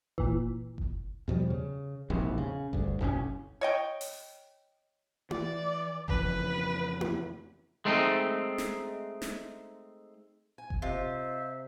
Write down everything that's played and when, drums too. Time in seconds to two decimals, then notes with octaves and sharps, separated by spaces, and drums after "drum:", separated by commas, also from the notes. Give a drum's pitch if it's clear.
0.18 A#2 E3, drum: kick F#1
0.78 drum: kick F#1
1.28 E2 B2 F3 G3
1.50 C#3
2.10 E1 A#1 G#2 C3
2.38 C#3
2.73 D2 G2, drum: kick F#1
3.01 F#1 B1 C3 C#4, drum: kick F#1
3.61 C#5 D#5 G5
4.01 drum: open hi-hat
5.31 E3 D5, drum: tom E4
6.08 F2 C#3 E3 B4, drum: kick F#1
7.01 drum: tom E4
7.85 G#3 A3 C4 D#4
8.58 drum: snare
9.22 drum: snare
10.58 G#5
10.70 drum: kick F#1
10.82 C3 F4 C5 D#5 E5